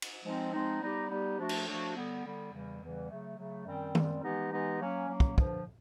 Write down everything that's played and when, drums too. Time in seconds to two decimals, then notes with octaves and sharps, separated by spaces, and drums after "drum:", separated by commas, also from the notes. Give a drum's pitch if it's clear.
0.02 drum: cymbal
0.24 F3 G#3 C4 D#4
0.52 F3 G#3 C4 D#4
0.81 G3 B3 D#4 G4
1.10 G3 B3 D#4 G4
1.39 F3 A3 D4 F#4
1.49 drum: cymbal
1.67 F3 A3 D4 F#4
1.95 D3 G3 B3
2.24 D3 G3 B3
2.53 E2 C#3 E3 G3
2.81 E2 C#3 E3 G3
3.10 C#3 F#3 A3
3.38 C#3 F#3 A3
3.66 F#2 D#3 G3 C4
3.95 F#2 D#3 G3 C4, drum: tom D#3
4.23 E3 G#3 B3 D#4 G4
4.52 E3 G#3 B3 D#4 G4
4.81 F#3 A#3 C#4
5.09 F#3 A#3 C#4
5.20 drum: kick
5.38 G2 D3 F3, drum: kick